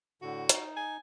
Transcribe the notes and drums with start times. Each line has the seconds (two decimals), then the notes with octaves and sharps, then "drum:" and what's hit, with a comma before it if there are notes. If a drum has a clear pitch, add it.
0.22 A2 D3 F#4
0.49 D#4, drum: hi-hat
0.76 G#5